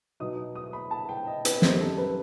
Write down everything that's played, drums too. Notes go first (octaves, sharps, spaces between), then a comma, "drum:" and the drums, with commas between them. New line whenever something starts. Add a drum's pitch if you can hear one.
B2 F#3 B3 D#4 D#6
D#6
B5
A5
G5
D#5
B4, drum: hi-hat
F#2 D#3 G3 D#4 C5, drum: snare
A4
B4